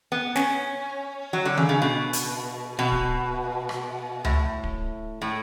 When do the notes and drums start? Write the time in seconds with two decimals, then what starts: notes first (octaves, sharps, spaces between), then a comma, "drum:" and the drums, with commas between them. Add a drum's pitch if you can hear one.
0.12 B3
0.36 C#4, drum: snare
1.33 F#3
1.45 D3
1.57 C#3, drum: tom D#3
1.69 C#3
1.82 B2
2.13 drum: hi-hat
2.79 B2
2.92 drum: kick D1
3.69 drum: rim click
4.25 A2, drum: tom C#2
4.64 drum: kick D1
5.22 A2